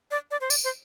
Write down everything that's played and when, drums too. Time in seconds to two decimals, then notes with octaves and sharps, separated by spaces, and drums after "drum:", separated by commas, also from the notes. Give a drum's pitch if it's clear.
0.11 D5
0.31 D5
0.41 C5
0.50 D5, drum: tambourine
0.64 C5